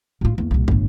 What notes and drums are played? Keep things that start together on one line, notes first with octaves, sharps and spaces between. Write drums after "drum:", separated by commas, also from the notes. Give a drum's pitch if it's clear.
A2 F4
E2 A#3
C2 A#2
G1 A2, drum: kick